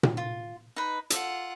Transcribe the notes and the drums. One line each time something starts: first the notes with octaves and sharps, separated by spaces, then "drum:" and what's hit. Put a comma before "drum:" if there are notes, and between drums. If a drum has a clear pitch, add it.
drum: tom A#2
F4
D#4 B4
F4 A4 F#5, drum: hi-hat